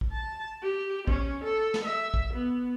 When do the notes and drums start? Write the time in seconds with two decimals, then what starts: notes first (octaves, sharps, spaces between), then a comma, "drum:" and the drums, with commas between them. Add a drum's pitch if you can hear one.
0.01 drum: kick
0.12 A5
0.62 G4
1.07 C#4, drum: kick
1.44 A4
1.74 drum: snare
1.84 E5
2.14 drum: kick
2.33 B3